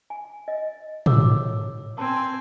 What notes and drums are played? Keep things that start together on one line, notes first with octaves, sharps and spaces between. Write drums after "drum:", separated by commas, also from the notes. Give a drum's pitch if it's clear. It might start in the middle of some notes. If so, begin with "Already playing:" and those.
G#5
D#5
C#5 D6 E6, drum: tom
C4 A#4 G#5 A5